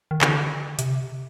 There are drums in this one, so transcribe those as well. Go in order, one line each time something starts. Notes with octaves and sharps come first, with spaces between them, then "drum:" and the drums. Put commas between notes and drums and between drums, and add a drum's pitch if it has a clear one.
D#3
D3, drum: clap
C3, drum: hi-hat